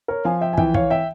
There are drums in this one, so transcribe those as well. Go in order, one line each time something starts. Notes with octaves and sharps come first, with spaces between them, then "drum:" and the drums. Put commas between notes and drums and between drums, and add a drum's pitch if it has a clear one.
A#4 C#5
F3 F5 G#5
E5 G5
G#5
E3 E5 G5, drum: kick
C#5 F5, drum: kick
E5 G5